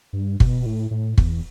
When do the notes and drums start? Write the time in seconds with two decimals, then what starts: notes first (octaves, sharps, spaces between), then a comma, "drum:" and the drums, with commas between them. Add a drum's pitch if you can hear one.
0.13 G2
0.40 B2, drum: kick
0.66 A2
0.91 A2
1.18 E2, drum: kick